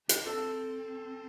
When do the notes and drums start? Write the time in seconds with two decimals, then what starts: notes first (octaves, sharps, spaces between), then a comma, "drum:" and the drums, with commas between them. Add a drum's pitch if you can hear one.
0.09 D4, drum: hi-hat
0.26 C4 A4